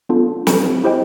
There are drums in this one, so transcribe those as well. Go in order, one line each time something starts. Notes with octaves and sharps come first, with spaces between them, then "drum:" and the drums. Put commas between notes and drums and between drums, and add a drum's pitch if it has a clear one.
B3 D4 F4 A4
drum: snare
E4 G4 C5 D#5 G5